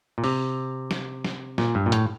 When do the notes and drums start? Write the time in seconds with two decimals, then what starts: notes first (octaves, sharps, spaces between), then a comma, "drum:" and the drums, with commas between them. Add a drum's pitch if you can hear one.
0.18 A#2
0.24 C3, drum: open hi-hat
0.91 drum: snare
1.25 drum: snare
1.58 A#2, drum: snare
1.75 G2
1.86 A#2
1.92 A2, drum: hi-hat